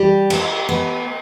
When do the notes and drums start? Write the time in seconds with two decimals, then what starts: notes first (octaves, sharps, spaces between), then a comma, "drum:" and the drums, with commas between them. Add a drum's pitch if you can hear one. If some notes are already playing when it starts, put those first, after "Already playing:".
Already playing: G3 G4
0.30 B3, drum: cymbal
0.69 B3